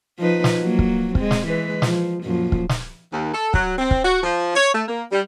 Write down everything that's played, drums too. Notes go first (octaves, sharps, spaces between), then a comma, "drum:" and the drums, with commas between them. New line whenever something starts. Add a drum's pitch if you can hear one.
F3 D#4 B4
drum: snare
F#3 A#3
drum: kick
G#3 C4, drum: kick
drum: snare
E3 G#3 B4
F3, drum: snare
F#2 A#2 F3
drum: kick
drum: snare
D#2
A4
F#3, drum: kick
C4
drum: kick
F#4
F3
C#5
A3
A#3
G3